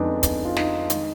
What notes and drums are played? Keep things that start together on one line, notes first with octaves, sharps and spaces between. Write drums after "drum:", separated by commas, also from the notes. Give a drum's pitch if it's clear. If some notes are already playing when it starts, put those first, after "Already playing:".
Already playing: F2 D3 G#3 B3 D4 D#4
drum: kick, hi-hat
F4
D#4, drum: snare
D#3 G#3, drum: hi-hat